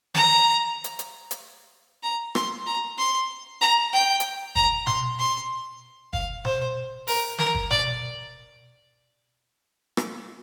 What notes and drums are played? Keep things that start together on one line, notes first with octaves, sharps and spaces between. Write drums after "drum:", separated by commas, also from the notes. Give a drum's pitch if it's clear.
A#5, drum: snare
drum: hi-hat
drum: hi-hat
drum: hi-hat
A#5
C6, drum: rim click
A#5
C6
A#5
G5
drum: hi-hat
A#5, drum: kick
C6, drum: tom B2
C6
F5, drum: kick
C5, drum: tom B2
A#4, drum: open hi-hat
A#4, drum: snare
drum: kick
D5, drum: tom B2
drum: rim click